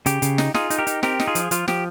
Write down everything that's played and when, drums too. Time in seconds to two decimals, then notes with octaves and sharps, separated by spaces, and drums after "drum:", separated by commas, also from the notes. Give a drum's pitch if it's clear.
0.06 C#3 G4, drum: hi-hat
0.22 C#3, drum: hi-hat
0.38 D#4, drum: snare
0.54 D#4 F4 G#4, drum: snare
0.70 D#4, drum: hi-hat
0.79 G4 A#4
0.87 D#4, drum: hi-hat
1.03 C4 G4 A#4, drum: snare
1.20 D#4, drum: snare
1.27 F4 G#4
1.35 F3, drum: hi-hat
1.51 F3 F4, drum: hi-hat
1.68 F3 G4, drum: snare